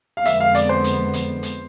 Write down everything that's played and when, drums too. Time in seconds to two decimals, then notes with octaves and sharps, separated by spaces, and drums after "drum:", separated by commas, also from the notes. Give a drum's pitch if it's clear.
0.17 F5
0.25 F2 D3 G#3 B3 E5, drum: hi-hat
0.40 F5
0.55 D5, drum: hi-hat
0.69 C5
0.84 drum: hi-hat
1.13 drum: hi-hat
1.43 drum: hi-hat